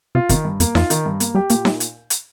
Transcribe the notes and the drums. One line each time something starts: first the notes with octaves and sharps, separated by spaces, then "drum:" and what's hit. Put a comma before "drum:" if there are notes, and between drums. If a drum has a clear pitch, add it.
C3 F4
C3 D#3, drum: kick, hi-hat
G2
F2 A#3, drum: hi-hat
F2 F4, drum: snare D#4
D#3, drum: hi-hat
G2
A#3, drum: hi-hat
G3 G4
A#2 A#3, drum: hi-hat
G3, drum: snare D#4
drum: hi-hat
drum: hi-hat